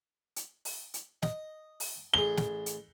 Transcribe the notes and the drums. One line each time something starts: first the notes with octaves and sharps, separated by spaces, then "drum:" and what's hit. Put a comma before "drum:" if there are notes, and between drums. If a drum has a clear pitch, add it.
drum: hi-hat
drum: open hi-hat
drum: hi-hat
D#5, drum: snare
drum: open hi-hat
A1 G#4 G7
drum: snare
drum: hi-hat